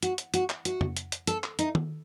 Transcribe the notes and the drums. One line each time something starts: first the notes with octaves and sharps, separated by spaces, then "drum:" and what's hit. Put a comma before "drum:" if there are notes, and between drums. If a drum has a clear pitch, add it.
F#4, drum: hi-hat
drum: hi-hat
F#4, drum: hi-hat
drum: clap
F#4, drum: hi-hat
drum: tom F2
drum: hi-hat
drum: hi-hat
A4, drum: hi-hat
drum: clap
D#4, drum: hi-hat
drum: tom